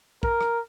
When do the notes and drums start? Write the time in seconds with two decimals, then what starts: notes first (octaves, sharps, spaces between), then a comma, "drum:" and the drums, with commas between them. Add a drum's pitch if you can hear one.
0.23 A#4, drum: kick
0.41 drum: rim click